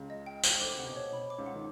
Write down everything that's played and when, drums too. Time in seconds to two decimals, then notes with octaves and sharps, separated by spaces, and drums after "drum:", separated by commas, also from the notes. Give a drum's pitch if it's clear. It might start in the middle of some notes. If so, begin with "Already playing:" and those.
Already playing: C#2 C#3
0.10 D#5
0.26 G5
0.43 C5, drum: tambourine
0.61 D2 D3 D6
0.77 C3 F#5
0.87 B2
0.96 C#5
1.12 B2 B5
1.30 D6
1.38 C#2 C#3
1.46 F#5
1.54 D#3